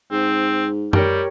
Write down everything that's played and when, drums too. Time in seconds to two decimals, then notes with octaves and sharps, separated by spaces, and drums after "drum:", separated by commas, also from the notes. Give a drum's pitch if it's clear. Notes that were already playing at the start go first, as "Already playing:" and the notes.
0.12 G#2 C4
0.93 G3 G4 A#4 C#5, drum: tom F#2